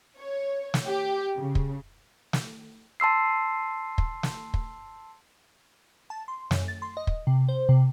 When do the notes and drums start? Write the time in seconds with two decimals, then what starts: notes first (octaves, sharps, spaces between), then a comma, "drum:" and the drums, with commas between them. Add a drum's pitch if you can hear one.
0.19 C#5
0.74 drum: snare
0.86 G4
1.38 C#3
1.55 drum: kick
2.33 drum: snare
3.00 A5 C6 E6 C7
3.98 drum: kick
4.23 drum: snare
4.54 drum: kick
6.10 A5
6.28 C6
6.51 F#2, drum: snare
6.68 A6
6.82 C6
6.97 D#5
7.07 drum: kick
7.27 C3
7.48 C5
7.69 C3